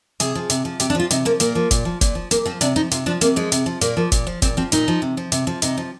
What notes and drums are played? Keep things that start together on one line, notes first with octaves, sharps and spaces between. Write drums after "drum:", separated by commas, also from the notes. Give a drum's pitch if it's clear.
C3 G#4, drum: hi-hat
F3
C3, drum: hi-hat
F3
C3 G4, drum: hi-hat
D4
F3 F4
C3 D#4, drum: hi-hat
F3 A#3
A#2 A#3, drum: hi-hat
F3
A#2, drum: kick, hi-hat
F3
A#2, drum: kick, hi-hat
F3
A#2 A#3, drum: hi-hat
F3 C4
C3 D4, drum: hi-hat
F3 D#4
C3 F4, drum: hi-hat
F3 D4
C3 A#3, drum: hi-hat
F3 G#3
C3, drum: hi-hat
F3
A#2 A#3, drum: hi-hat
F3
A#2, drum: kick, hi-hat
F3
A#2 C4, drum: kick, hi-hat
F3 C4
A#2 D#4, drum: hi-hat
F3
C3
F3
C3, drum: hi-hat
F3
C3 D#4, drum: hi-hat
F3